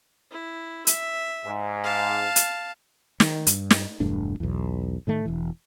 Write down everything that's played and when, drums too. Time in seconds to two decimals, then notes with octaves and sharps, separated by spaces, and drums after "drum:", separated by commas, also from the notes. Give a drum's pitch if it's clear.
0.32 E4
0.87 E5, drum: hi-hat
1.46 G#2
1.84 F5 A5
2.36 drum: hi-hat
3.20 D#3, drum: snare
3.47 G2, drum: hi-hat
3.71 drum: snare
4.00 E1 G2 A3 D4
4.40 B1 E2
5.07 A2 D#3 A3
5.25 E1 E3